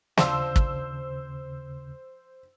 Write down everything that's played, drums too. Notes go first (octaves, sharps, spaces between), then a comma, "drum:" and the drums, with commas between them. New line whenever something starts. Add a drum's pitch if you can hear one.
D#2 C#3 F3 D4 C5 E6, drum: snare
drum: kick